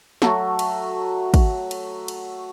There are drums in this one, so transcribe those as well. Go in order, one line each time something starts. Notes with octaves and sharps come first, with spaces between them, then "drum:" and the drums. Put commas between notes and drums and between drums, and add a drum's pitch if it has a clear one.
F#3 A3 F#4, drum: snare
drum: cymbal
drum: kick, cymbal
drum: cymbal
drum: cymbal